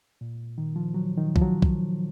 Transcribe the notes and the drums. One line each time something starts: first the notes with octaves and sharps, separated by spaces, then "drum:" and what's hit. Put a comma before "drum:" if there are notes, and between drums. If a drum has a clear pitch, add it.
A#2
D#3
F3
F#3
D#3
F3, drum: kick
F#3
drum: kick